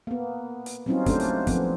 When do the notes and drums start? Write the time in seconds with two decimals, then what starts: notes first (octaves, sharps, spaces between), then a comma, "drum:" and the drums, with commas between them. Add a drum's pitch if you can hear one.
0.07 A#3 B3
0.66 drum: hi-hat
0.86 F#3 G3 C4 C#4 D#4 F4
1.06 A3 A#3 C#4 D4 F#4 C5, drum: kick, hi-hat
1.20 drum: hi-hat
1.47 F3 B3 C4, drum: kick, hi-hat